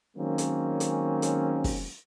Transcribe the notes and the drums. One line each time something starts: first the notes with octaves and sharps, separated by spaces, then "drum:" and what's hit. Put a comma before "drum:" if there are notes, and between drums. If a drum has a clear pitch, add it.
D#3 F#3 G#3 A#3 C4 C#4
drum: hi-hat
drum: hi-hat
drum: hi-hat
drum: kick, open hi-hat